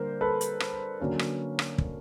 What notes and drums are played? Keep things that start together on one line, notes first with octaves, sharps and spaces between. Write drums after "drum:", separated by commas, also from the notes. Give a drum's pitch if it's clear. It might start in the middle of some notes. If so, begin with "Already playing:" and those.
Already playing: D3 G3 A#3 A#4 C5
A4 B4
drum: hi-hat
drum: rim click
D3 F#3 A#3 C#4
drum: rim click
drum: rim click
drum: kick